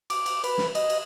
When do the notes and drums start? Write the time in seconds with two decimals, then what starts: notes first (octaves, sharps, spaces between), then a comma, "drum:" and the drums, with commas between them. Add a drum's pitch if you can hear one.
0.10 D6, drum: cymbal
0.26 drum: cymbal
0.44 B4, drum: cymbal
0.58 drum: snare
0.75 D#5, drum: cymbal
0.90 drum: cymbal